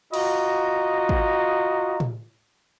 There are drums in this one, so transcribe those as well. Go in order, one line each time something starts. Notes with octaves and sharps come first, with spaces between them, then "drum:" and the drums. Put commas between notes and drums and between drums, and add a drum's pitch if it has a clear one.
F4 F#4 D#5 A#5, drum: cymbal
drum: kick
drum: tom